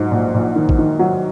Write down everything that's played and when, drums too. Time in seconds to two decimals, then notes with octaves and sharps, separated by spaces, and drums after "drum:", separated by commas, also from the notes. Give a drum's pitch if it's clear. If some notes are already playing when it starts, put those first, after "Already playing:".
Already playing: G#2 F#3
0.11 A#1
0.34 A#1
0.56 D#3
0.69 drum: kick A1
0.78 D#3
0.99 F#3